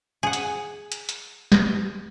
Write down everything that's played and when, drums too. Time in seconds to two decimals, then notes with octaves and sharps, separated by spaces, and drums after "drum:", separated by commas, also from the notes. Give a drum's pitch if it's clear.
0.23 G#4 F#5
0.33 drum: hi-hat
0.92 drum: hi-hat
1.09 drum: hi-hat
1.52 drum: snare